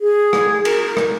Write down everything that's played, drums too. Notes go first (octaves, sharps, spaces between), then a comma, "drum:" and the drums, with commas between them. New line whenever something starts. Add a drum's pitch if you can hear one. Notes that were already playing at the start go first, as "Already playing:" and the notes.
G#4
drum: rim click
A#4, drum: cymbal
A#4
drum: rim click